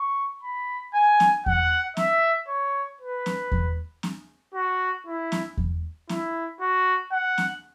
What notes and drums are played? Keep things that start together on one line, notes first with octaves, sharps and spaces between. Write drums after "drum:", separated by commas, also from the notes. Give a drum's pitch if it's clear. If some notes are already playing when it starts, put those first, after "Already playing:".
Already playing: C#6
B5
G#5
drum: snare
F#5, drum: kick E2
E5, drum: snare
C#5
B4
drum: snare
drum: kick E2
drum: snare
F#4
E4
drum: snare
drum: kick E2
E4, drum: snare
F#4
F#5
drum: snare